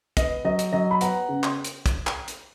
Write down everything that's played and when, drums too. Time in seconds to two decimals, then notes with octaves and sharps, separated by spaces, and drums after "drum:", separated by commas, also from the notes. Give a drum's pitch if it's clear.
0.17 B3 D#5, drum: kick, hi-hat
0.44 F#3 D#5
0.59 drum: hi-hat
0.73 F#3 D#5
0.91 B5
1.01 B3 F#5 A#5, drum: hi-hat
1.29 C#3
1.43 drum: clap
1.65 drum: hi-hat
1.86 drum: kick, hi-hat
2.07 drum: clap
2.28 drum: hi-hat